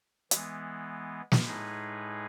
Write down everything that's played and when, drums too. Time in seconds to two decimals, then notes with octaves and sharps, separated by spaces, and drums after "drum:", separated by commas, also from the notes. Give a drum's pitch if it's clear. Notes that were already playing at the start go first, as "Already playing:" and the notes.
0.31 E3 G#3 B3, drum: hi-hat
1.32 drum: snare
1.43 A2 G#3 D#4 G#4 B4